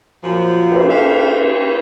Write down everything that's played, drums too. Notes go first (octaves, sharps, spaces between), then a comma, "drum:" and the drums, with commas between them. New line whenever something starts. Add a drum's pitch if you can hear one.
F#2 A#2 F3
drum: cymbal
G4 A4 C5 E5 F5